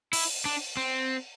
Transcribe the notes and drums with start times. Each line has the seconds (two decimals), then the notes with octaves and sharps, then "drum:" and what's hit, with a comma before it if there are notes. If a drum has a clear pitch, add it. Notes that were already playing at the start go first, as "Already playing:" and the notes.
0.13 E4, drum: open hi-hat
0.45 D4
0.77 C4